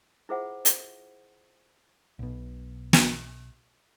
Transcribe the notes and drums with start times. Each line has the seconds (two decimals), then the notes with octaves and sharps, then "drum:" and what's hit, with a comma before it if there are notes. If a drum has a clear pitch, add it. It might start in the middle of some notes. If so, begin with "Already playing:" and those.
0.29 E4 F4 G#4 C5 E5 F#5
0.65 drum: hi-hat
2.19 B1 B2
2.93 drum: snare